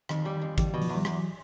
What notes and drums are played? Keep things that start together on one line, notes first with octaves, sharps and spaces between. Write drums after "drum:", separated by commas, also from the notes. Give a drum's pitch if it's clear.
F2 D#3, drum: rim click
G3
F2
D3 E3 G3, drum: kick, hi-hat
B2
D#3 F3, drum: open hi-hat
E2
G3
E2 E3 F#3, drum: rim click